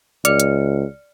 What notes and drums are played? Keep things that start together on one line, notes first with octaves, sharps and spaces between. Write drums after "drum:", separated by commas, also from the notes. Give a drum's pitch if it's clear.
C#2 D5 F6 C#7, drum: hi-hat
drum: hi-hat